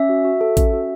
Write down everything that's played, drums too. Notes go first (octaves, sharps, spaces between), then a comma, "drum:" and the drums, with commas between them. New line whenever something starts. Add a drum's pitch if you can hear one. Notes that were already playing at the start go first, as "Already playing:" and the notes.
Already playing: C#4 E5
F#4
F#4
A4
C#4, drum: kick A1, hi-hat
F#4